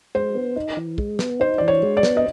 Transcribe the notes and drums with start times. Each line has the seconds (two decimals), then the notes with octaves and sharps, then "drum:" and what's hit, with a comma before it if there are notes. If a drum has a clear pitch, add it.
0.15 G#3 C5
0.35 B3
0.56 D#4
0.77 E3
0.98 G#3, drum: kick
1.19 B3, drum: snare
1.40 D#4 C5
1.58 E3 D5
1.68 C#5
1.82 G#3
1.97 D5
2.03 B3, drum: snare
2.17 D#5